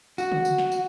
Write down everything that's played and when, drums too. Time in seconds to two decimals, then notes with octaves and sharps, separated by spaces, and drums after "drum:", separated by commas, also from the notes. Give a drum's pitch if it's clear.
0.18 F#4, drum: tambourine
0.32 drum: tom C#3
0.45 drum: tambourine
0.58 drum: snare
0.72 drum: tambourine